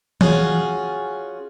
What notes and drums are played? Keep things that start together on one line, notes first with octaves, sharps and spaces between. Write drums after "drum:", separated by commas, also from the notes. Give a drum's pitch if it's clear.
C#4 F4 F#4 G#4, drum: tom E3